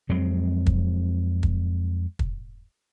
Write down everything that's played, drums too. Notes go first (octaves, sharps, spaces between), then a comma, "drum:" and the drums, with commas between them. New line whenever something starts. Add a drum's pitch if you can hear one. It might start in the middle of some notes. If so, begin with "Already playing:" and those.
F2 F#3 G#3 C4
drum: kick
drum: kick
drum: kick